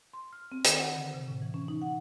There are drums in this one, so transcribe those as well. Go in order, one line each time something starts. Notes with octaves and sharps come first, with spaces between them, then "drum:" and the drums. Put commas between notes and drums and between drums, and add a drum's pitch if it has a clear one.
C6
F6
C4
D#3, drum: hi-hat
F#5
D3
C3
A2
E3
C#4
D#4
F#5